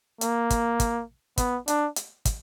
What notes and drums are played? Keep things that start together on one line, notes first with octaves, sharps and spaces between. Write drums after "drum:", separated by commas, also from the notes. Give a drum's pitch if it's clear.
A#3, drum: hi-hat
drum: kick, hi-hat
drum: kick, hi-hat
B3, drum: kick, hi-hat
D4, drum: hi-hat
drum: hi-hat
drum: kick, hi-hat